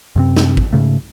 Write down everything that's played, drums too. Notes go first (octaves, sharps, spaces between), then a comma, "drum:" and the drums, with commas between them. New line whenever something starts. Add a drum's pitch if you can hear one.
F#2 C3 C4
drum: snare
drum: kick G#1
G#2 C#3 A3